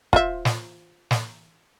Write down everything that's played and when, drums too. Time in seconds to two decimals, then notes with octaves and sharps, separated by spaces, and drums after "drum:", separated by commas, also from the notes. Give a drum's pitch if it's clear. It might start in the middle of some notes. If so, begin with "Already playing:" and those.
0.13 F4 C5 E5, drum: kick
0.45 drum: snare
1.11 drum: snare